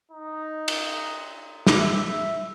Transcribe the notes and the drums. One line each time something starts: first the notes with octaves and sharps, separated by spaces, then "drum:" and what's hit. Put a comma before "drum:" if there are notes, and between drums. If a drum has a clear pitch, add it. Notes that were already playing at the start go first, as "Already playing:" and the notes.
D#4
drum: cymbal
drum: snare
E5